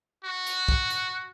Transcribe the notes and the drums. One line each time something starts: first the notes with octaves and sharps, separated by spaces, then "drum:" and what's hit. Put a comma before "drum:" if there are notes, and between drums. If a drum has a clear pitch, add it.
F#4
drum: hi-hat
drum: kick
drum: hi-hat